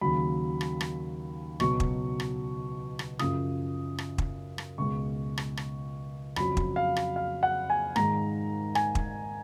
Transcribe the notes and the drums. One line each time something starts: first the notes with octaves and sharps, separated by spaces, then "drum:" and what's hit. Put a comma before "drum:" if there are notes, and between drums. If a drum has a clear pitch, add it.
D#2 C#3 F#3 B5
drum: rim click
drum: rim click
C#2 B2 F#3 C#6, drum: rim click
drum: kick
drum: rim click
drum: rim click
F#2 C#3 F3 D#6, drum: rim click
drum: rim click
drum: kick
drum: rim click
C#2 B2 G#3 C#6
drum: rim click
drum: rim click
F2 C#3 F#3 B5, drum: rim click
drum: kick
F5
drum: rim click
F5
F#5
G#5
G#2 D#3 G#3 A#5, drum: rim click
G#5, drum: rim click
drum: kick